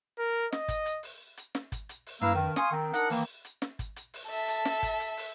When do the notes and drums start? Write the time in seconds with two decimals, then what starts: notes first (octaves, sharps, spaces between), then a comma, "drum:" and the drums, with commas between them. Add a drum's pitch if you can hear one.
0.19 A#4
0.52 D#5, drum: snare
0.68 drum: kick, hi-hat
0.86 drum: hi-hat
1.03 drum: open hi-hat
1.37 drum: hi-hat
1.55 drum: snare
1.72 drum: kick, hi-hat
1.89 drum: hi-hat
2.06 drum: open hi-hat
2.21 A#3 E4 B4 F5 E6, drum: tom
2.35 G2 D#3
2.56 F5 G#5 C6 C#6 D#6, drum: snare
2.71 D#3 C4
2.94 D4 D#4 A#4 F#5, drum: hi-hat
3.10 D#3 E3 A#3, drum: open hi-hat
3.45 drum: hi-hat
3.62 drum: snare
3.79 drum: kick, hi-hat
3.96 drum: hi-hat
4.14 drum: open hi-hat
4.29 A4 E5 A5
4.48 drum: hi-hat
4.65 drum: snare
4.83 drum: kick, hi-hat
5.00 drum: hi-hat
5.17 drum: open hi-hat